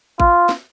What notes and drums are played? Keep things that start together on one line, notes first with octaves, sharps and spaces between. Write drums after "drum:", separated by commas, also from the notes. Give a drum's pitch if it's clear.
F4, drum: kick A1
drum: snare